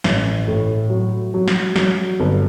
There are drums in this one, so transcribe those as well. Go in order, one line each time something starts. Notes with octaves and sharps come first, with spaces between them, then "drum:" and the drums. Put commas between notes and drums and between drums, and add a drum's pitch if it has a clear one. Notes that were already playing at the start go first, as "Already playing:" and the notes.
A1, drum: snare
A2
F#3
F#3
drum: snare
F#3, drum: snare
G1